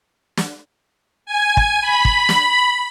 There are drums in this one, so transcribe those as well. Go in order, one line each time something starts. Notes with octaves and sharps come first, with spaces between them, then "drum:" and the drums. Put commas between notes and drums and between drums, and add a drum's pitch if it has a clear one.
drum: snare
G#5
drum: kick
B5
drum: kick
drum: snare